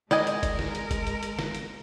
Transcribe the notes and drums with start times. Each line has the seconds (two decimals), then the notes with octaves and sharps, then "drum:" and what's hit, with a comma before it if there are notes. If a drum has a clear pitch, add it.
0.11 G#3 A#4 D5 D#5 G#5, drum: snare
0.27 drum: hi-hat
0.43 drum: kick G1, hi-hat
0.59 drum: snare
0.75 drum: hi-hat
0.91 drum: kick G1, hi-hat
1.07 drum: hi-hat
1.23 drum: hi-hat
1.39 drum: snare
1.55 drum: hi-hat